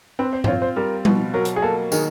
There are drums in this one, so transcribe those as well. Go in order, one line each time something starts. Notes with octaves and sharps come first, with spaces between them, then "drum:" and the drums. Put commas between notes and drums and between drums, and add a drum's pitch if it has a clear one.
C4 B4
C5
C5, drum: tom G2
F4 C#5
C5
G3 A#4
B2, drum: tom G3
F#3 A#4
drum: hi-hat
G#4
A#3 A4
D#3 G#4, drum: tambourine